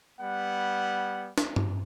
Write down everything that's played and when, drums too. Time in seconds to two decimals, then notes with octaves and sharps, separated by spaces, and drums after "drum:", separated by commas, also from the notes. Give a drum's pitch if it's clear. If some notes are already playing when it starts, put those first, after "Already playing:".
0.21 G3 B3 F#5
1.38 drum: snare
1.56 drum: tom G2